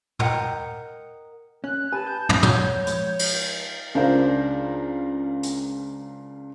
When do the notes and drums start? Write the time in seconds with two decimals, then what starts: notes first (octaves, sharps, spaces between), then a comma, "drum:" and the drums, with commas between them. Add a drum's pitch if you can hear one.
0.19 A#4 D#5 F#5 G5, drum: tom
1.64 C#4 F#6
1.92 G4 B4 G#5 A5
2.07 G6
2.29 drum: tom
2.43 F#4 C#5, drum: tom
2.87 F3 G#3, drum: hi-hat
3.19 drum: cymbal
3.95 C#2 D4 A#4 C5 F5 G6
5.43 drum: hi-hat